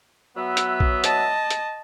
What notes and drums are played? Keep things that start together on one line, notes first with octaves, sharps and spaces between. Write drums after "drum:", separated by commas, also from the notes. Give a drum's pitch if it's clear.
F#3 B3 E5
drum: hi-hat
drum: kick A#1
D#5 A5, drum: hi-hat
drum: hi-hat